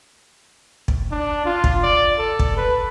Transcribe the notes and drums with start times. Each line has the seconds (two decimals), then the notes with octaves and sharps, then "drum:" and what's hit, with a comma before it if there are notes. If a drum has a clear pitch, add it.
0.88 drum: kick
1.11 D4
1.45 F4
1.64 drum: kick
1.83 D5
2.18 A4
2.39 drum: kick
2.57 B4